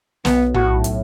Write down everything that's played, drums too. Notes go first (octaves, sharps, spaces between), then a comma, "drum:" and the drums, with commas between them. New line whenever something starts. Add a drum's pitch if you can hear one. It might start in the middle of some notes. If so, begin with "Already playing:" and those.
B1 B3, drum: snare
A2 F#4, drum: tom A#1
drum: hi-hat